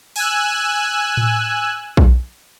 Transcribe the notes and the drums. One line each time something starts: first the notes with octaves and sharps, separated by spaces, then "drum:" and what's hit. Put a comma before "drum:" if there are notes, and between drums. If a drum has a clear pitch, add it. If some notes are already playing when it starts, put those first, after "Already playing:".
G#5 E6 F#6, drum: open hi-hat
drum: tom A2
drum: kick A#1